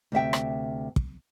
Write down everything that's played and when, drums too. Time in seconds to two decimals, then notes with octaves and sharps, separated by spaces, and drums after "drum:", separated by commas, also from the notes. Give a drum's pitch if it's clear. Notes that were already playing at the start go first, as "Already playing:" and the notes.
0.12 D2 C3 E5 G5
0.33 drum: rim click
0.96 drum: kick